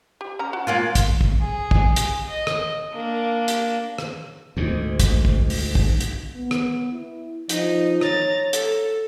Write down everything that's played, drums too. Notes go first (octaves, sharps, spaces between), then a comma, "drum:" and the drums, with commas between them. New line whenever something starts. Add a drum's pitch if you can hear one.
G4
C#4 A#5
F#4
G#3 A#3 F4
drum: kick, hi-hat
drum: kick
G#4
drum: kick
drum: hi-hat
D#5
drum: rim click
A#3 D4
drum: hi-hat
drum: rim click
D2 G#2
drum: kick, hi-hat
drum: kick
drum: open hi-hat
drum: kick
drum: hi-hat
B3
drum: rim click
E4
F3 D#4 D#5, drum: hi-hat
C#5 A#5 A6, drum: rim click
A4, drum: hi-hat